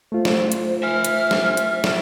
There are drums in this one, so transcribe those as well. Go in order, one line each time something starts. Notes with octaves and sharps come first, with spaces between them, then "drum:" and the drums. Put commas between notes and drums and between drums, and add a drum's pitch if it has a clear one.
A3 F4 C5
drum: snare
drum: hi-hat
E5 G#5 F6
drum: hi-hat
drum: snare
drum: hi-hat
drum: snare